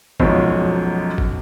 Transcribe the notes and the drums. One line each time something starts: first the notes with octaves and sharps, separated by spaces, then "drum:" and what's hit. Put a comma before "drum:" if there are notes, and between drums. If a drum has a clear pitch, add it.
B1 F#2 F3 F#3 G#3, drum: kick
drum: kick